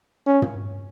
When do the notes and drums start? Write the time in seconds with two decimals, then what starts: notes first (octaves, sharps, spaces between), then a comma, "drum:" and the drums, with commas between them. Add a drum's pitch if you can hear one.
0.27 C#4
0.42 drum: tom